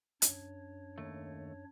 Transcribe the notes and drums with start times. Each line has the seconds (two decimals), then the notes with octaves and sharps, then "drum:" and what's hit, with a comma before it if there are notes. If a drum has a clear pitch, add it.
0.22 F#2 D4 C#5, drum: hi-hat
0.98 D#2 A3